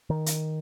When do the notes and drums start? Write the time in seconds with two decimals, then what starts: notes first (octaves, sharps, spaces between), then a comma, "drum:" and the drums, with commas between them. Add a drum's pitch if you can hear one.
0.10 D#3
0.26 drum: hi-hat